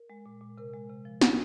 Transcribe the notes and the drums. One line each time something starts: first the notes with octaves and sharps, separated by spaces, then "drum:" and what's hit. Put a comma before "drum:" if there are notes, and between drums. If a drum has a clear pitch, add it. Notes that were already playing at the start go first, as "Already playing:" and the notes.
Already playing: A#4
G#3
A#2
A#2
C3 A#4
G#3
C3
F3
C3, drum: snare